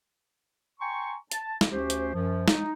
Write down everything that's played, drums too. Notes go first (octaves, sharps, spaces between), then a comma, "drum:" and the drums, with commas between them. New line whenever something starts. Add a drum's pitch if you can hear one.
G5 G#5 A#5 C6 C#6
A5, drum: hi-hat
drum: snare
D2 C#4 G4 C5
drum: hi-hat
F#2 F3
D#4, drum: snare